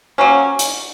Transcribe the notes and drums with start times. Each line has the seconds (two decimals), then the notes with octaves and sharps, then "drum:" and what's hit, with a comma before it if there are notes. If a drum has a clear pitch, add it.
0.18 F#3 A#3 C#4
0.59 drum: hi-hat